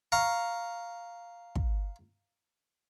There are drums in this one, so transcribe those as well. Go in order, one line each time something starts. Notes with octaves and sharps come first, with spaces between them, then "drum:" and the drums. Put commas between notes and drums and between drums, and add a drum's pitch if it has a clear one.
F5 A#5 C#6
drum: kick